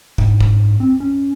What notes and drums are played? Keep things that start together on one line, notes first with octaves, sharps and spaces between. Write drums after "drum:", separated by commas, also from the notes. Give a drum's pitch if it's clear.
G#2, drum: kick
drum: kick
C4
C#4